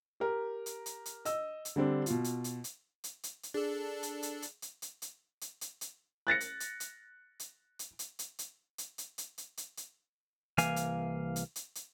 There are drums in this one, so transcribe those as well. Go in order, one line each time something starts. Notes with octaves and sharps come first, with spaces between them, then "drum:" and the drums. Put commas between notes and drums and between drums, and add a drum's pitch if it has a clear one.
G4 A#4
drum: hi-hat
drum: hi-hat
drum: hi-hat
D#5 E6, drum: hi-hat
drum: hi-hat
D3 G3 C4 D4
B2 F4, drum: hi-hat
drum: hi-hat
drum: hi-hat
drum: hi-hat
drum: hi-hat
drum: hi-hat
drum: hi-hat
D4 G#4 A4
drum: hi-hat
drum: hi-hat
drum: hi-hat
drum: hi-hat
drum: hi-hat
drum: hi-hat
drum: hi-hat
drum: hi-hat
drum: hi-hat
F#6 A6 A#6 C#7
drum: hi-hat
drum: hi-hat
drum: hi-hat
drum: hi-hat
drum: hi-hat
drum: hi-hat
drum: hi-hat
drum: hi-hat
drum: hi-hat
drum: hi-hat
drum: hi-hat
drum: hi-hat
drum: hi-hat
drum: hi-hat
C2 E3 A#3 F5 G#5, drum: hi-hat
drum: hi-hat
drum: hi-hat
drum: hi-hat
drum: hi-hat